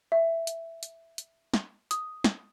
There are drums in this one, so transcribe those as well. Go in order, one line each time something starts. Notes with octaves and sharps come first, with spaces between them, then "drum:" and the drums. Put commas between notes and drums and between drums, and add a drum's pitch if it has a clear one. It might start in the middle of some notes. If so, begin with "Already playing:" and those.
E5
drum: hi-hat
drum: hi-hat
drum: hi-hat
drum: snare
D#6, drum: hi-hat
drum: snare